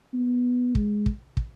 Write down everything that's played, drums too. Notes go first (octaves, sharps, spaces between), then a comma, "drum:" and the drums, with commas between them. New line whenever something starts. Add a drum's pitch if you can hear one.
B3
G#3, drum: kick
drum: kick
drum: kick